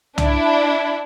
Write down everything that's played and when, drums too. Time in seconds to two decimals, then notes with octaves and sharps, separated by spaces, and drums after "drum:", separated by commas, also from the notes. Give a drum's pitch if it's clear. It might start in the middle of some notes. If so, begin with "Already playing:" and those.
0.18 D4 E4, drum: tom C2